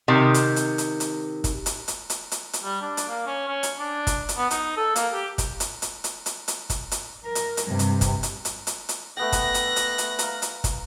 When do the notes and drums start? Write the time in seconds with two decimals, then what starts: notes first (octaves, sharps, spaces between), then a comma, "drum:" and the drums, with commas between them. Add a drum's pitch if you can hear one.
0.08 C3 D#3
0.34 drum: hi-hat
0.56 drum: hi-hat
0.78 drum: hi-hat
1.00 drum: hi-hat
1.44 drum: kick, hi-hat
1.66 drum: hi-hat
1.88 drum: hi-hat
2.10 drum: hi-hat
2.31 drum: hi-hat
2.53 drum: hi-hat
2.64 G3
2.82 D4
2.97 drum: hi-hat
3.09 A#3
3.27 C#4
3.48 C#4
3.63 drum: hi-hat
3.79 D4
4.07 drum: kick, hi-hat
4.29 drum: hi-hat
4.38 B3
4.51 D#4, drum: hi-hat
4.77 A4
4.96 A#3, drum: hi-hat
5.13 G4
5.38 drum: kick, hi-hat
5.60 drum: hi-hat
5.82 drum: hi-hat
6.04 drum: hi-hat
6.26 drum: hi-hat
6.48 drum: hi-hat
6.70 drum: kick, hi-hat
6.91 drum: hi-hat
7.25 A#4
7.35 drum: hi-hat
7.57 drum: hi-hat
7.66 G2 C3
7.79 drum: hi-hat
8.01 drum: kick, hi-hat
8.23 drum: hi-hat
8.45 drum: hi-hat
8.67 drum: hi-hat
8.89 drum: hi-hat
9.17 A3 B3 G5 F#6 A#6
9.32 drum: kick, hi-hat
9.54 drum: hi-hat
9.76 drum: hi-hat
9.98 drum: hi-hat
10.19 F5 A#5, drum: hi-hat
10.42 drum: hi-hat
10.64 drum: kick, hi-hat